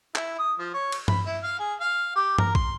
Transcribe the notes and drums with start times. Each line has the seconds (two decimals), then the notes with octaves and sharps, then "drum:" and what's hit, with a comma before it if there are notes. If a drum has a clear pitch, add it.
0.16 E4, drum: clap
0.38 D#6
0.59 F3
0.74 C#5
0.92 drum: cymbal
1.08 B5, drum: tom G2
1.26 E4
1.43 F5
1.59 G#4
1.81 F5
2.16 G4
2.38 A#4, drum: tom G2
2.55 C6, drum: kick A#1